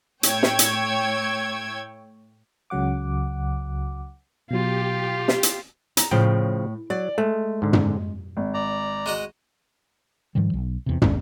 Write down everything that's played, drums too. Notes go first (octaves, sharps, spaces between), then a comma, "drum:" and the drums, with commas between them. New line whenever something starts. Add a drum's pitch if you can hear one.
A2 C#5 G5 E6 G#6, drum: hi-hat
drum: snare
drum: hi-hat
C#2 C#3 F#3 F#5 D6
B2 F#3 F4 G4
drum: snare
drum: hi-hat
A#5, drum: hi-hat
A2 C#3 F3 G5
F#3 D5
G#3 A3
G#2 D3
drum: tom
G#1
D5 A#5
G#3 F#4 D#5
G#2 D#3 F3 G3
B1
E2 C3
G#1 D#2, drum: tom